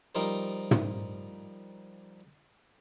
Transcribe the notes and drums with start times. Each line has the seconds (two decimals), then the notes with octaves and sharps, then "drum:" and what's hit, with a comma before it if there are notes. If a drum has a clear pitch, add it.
0.15 F3 G3 D#4 A#4 C5
0.71 drum: tom